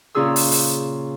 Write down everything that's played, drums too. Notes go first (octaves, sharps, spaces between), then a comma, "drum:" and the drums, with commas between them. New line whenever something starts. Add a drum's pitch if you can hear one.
A#2 C#3 C#4 F4 G#4 E6
drum: open hi-hat
drum: open hi-hat